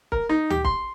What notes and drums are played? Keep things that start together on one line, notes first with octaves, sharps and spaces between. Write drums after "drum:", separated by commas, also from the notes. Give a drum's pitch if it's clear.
A#4, drum: kick
D#4
G4, drum: tom D2
C6, drum: kick